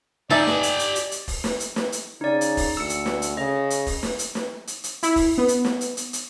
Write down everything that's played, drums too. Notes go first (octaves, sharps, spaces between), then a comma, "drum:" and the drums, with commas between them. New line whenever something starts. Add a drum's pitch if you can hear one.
D#4 G4 D5 E5 G#5 A5
drum: snare
drum: hi-hat
drum: hi-hat
drum: hi-hat
drum: hi-hat
drum: kick, open hi-hat
drum: snare
drum: hi-hat
drum: snare
drum: hi-hat
C#3 D#4 D5
drum: hi-hat
drum: kick, open hi-hat
D2 E6 C#7
drum: hi-hat
drum: snare
drum: hi-hat
C#3 D#5
drum: hi-hat
drum: kick, open hi-hat
drum: snare
drum: hi-hat
drum: snare
drum: hi-hat
drum: hi-hat
E4, drum: hi-hat
drum: kick, open hi-hat
B3
drum: hi-hat
drum: snare
drum: hi-hat
drum: hi-hat
drum: hi-hat